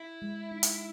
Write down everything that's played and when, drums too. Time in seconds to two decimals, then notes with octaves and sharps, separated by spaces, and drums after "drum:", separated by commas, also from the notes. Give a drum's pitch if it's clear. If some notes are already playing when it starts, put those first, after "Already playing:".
Already playing: E4
0.22 G#3
0.51 D#4
0.63 drum: hi-hat